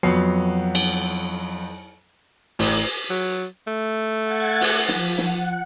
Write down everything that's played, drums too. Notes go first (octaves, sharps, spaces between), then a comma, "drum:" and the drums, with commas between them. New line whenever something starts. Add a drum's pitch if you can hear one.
F2 F#3 B3 C7
drum: cymbal
A1, drum: open hi-hat
F#3
A3
F#5 G#6 A6
drum: open hi-hat
F3, drum: snare
F#5, drum: snare